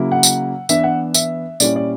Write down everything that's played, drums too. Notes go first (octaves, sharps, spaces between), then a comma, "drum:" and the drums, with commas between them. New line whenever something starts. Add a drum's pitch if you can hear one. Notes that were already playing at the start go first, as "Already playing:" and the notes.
Already playing: C#3 F#3 A#3 E4
F#5
drum: tambourine
E3 B3 D4 E5, drum: tambourine
F#5
E5, drum: tambourine
A#2 G3 C#4 E4 D5, drum: tambourine
D5